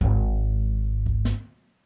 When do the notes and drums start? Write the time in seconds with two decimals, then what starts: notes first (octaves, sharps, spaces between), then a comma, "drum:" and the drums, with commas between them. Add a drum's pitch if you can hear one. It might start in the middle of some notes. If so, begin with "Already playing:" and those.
0.01 G#1 G#2, drum: kick C#2
1.06 drum: kick C#2
1.25 drum: snare